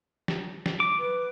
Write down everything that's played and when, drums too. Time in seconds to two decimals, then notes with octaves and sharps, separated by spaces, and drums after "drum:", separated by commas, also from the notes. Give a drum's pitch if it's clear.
0.28 drum: snare
0.66 drum: snare
0.80 D6
0.99 B4